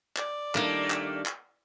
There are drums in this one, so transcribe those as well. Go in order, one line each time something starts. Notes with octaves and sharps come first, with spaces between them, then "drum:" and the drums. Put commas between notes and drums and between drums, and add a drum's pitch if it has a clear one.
D5, drum: clap
D#3 G3 A3 A#3 D4, drum: clap
drum: clap
drum: clap